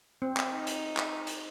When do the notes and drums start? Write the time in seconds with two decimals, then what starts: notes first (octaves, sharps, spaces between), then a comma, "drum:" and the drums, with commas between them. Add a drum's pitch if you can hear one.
0.22 C4
0.37 drum: clap
0.51 D#4
0.67 drum: hi-hat
0.97 drum: clap
1.27 drum: hi-hat